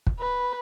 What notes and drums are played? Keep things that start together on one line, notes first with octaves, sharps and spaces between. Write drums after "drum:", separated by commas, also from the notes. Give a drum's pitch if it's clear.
drum: kick
B4